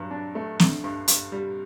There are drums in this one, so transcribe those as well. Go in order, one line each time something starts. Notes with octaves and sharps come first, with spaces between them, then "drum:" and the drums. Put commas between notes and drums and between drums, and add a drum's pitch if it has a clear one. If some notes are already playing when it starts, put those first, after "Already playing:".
Already playing: G2 F#3
D4
A3
D3, drum: snare
G2
G2, drum: hi-hat
G3